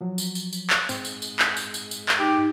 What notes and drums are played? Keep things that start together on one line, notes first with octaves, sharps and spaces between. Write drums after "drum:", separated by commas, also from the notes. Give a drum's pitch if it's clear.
F3 F#3
drum: tambourine
drum: tambourine
drum: tambourine
drum: clap
G#2 C4, drum: tambourine
drum: tambourine
drum: tambourine
drum: clap
drum: tambourine
drum: tambourine
drum: tambourine
drum: clap
D#4 G4